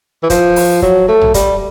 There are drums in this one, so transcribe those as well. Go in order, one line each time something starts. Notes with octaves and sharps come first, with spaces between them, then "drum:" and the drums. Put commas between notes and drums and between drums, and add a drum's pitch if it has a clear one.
E3
F3, drum: kick, hi-hat
drum: open hi-hat
F#3, drum: kick
A3
drum: tom A#1
G3, drum: kick, hi-hat